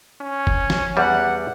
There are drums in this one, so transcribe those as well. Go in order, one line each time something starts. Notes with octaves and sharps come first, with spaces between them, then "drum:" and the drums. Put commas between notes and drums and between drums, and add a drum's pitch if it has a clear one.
C#4
drum: kick F#1
drum: snare
E2 G3 F#5